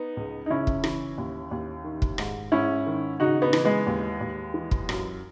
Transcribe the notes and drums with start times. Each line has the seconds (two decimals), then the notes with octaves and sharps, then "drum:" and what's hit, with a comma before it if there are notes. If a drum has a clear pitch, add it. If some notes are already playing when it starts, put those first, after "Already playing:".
Already playing: B3 D#4
0.17 C#2
0.46 D#4
0.50 C#3 C#4 E4
0.67 drum: kick
0.84 E3, drum: rim click
1.18 D#2
1.51 D#2
1.84 D#3
2.02 drum: kick
2.18 G#2, drum: rim click
2.52 G#2 C#4 E4
2.86 D#3
3.20 C#3 D#4 F#4
3.42 B3 D#4
3.53 E3, drum: rim click
3.65 G#3 B3
3.87 D#2
4.21 D#2
4.54 E3
4.71 drum: kick
4.89 F#2, drum: rim click